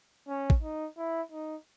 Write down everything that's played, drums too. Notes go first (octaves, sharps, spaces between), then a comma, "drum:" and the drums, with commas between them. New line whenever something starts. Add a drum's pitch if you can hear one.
C#4
drum: kick
D#4
E4
D#4